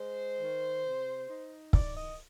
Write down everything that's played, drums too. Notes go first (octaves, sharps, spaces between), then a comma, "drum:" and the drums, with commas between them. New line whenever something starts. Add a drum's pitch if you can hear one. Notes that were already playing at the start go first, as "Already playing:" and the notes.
Already playing: G#3 C5
D#3
C3
D#4
D#3 D5, drum: kick
D#5